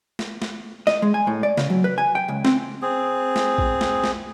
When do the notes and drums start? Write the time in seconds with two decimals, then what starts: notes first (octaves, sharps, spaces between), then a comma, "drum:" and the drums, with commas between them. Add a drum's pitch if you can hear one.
0.19 drum: snare
0.42 drum: snare
0.87 D#5, drum: snare
1.02 G#3
1.14 G#5
1.27 A2
1.43 D5
1.57 C#3, drum: snare
1.70 F#3
1.84 B4
1.98 G#5
2.15 G5
2.28 C#2
2.45 C4, drum: snare
2.82 C4 G#4
3.36 drum: snare
3.58 drum: kick A#1
3.81 drum: snare
4.04 drum: snare